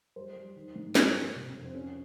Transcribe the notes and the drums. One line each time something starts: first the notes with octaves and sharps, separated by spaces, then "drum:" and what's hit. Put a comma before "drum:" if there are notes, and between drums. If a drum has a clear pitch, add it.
G3 C5
G3
D#3
G#2
F3 A#4, drum: snare
G2
C3 C4
F2
C4
F3 C#4